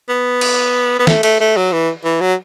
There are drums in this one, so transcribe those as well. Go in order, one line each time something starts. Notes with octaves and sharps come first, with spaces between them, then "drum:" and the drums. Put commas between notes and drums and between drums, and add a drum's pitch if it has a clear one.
B3
drum: cymbal
B3
A3, drum: snare
A3, drum: cymbal
A3
F#3
E3
E3
F#3